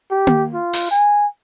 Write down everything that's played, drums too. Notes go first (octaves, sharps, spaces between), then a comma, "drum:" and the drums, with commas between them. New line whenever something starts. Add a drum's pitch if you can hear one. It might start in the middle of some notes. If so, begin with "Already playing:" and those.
G4
drum: tom A#3
F4
drum: open hi-hat
G#5